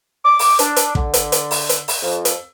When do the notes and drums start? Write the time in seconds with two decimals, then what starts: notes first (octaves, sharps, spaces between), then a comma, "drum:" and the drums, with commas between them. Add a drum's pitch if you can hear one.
0.23 D6
0.39 drum: open hi-hat
0.59 D4, drum: hi-hat
0.76 drum: hi-hat
0.95 D3, drum: kick
1.14 drum: hi-hat
1.32 drum: hi-hat
1.51 drum: open hi-hat
1.69 drum: hi-hat
1.88 drum: open hi-hat
2.02 F2
2.25 drum: hi-hat